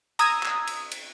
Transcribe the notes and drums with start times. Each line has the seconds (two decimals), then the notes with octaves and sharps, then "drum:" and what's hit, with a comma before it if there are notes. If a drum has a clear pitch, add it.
0.19 A#5 D#6 E6 G#6, drum: cymbal
0.43 drum: clap
0.67 drum: cymbal
0.92 drum: cymbal